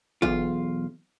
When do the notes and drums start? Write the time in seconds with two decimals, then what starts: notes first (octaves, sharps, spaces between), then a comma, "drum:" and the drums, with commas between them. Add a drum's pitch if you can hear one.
0.22 B1 E2 F4, drum: kick G1